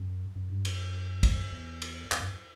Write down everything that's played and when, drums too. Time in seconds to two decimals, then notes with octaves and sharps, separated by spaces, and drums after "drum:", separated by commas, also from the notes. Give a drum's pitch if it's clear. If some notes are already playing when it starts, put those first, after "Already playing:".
Already playing: F#2
0.36 F#2
0.50 G2
0.65 F#2, drum: cymbal
1.23 drum: kick, cymbal
1.52 E2
1.82 drum: cymbal
2.12 E2, drum: clap
2.20 F#2